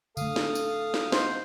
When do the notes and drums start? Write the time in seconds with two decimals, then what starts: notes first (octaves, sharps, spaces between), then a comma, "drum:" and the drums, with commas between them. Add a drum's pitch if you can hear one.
0.17 D3 A3 A4 F5 D#6, drum: tambourine
0.36 drum: snare
0.55 drum: tambourine
0.94 drum: snare
1.12 D#4 C5, drum: snare